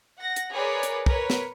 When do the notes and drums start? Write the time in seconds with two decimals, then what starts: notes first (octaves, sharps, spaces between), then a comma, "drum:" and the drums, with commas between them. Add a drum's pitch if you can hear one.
0.20 F#5 A#6
0.36 drum: hi-hat
0.54 G#4 A#4 B4 C#5 D5
0.83 drum: hi-hat
1.06 A#4 B4 C#5, drum: kick
1.30 drum: snare